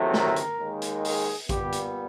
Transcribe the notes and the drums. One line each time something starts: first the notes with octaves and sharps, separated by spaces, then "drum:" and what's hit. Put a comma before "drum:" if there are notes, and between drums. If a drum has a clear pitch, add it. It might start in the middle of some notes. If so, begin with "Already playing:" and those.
Already playing: E2 C3 D#3 F#3 A3
A#4, drum: snare
drum: hi-hat
D#2 D#3 G#3
drum: hi-hat
G#4, drum: open hi-hat
A#2 G3 B3 G4, drum: kick A1, hi-hat
drum: hi-hat